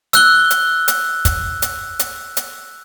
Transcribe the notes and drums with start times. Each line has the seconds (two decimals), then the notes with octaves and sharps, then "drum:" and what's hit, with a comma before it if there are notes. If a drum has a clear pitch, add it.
0.13 E6 F#6 G7, drum: hi-hat
0.51 drum: hi-hat
0.88 drum: hi-hat
1.25 drum: kick, hi-hat
1.62 drum: hi-hat
1.99 drum: hi-hat
2.37 drum: hi-hat